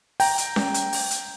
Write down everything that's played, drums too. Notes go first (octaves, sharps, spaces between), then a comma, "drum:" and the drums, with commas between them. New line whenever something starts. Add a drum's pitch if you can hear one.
G5 A#5, drum: open hi-hat
drum: hi-hat
drum: snare C#4
drum: hi-hat
drum: open hi-hat
drum: hi-hat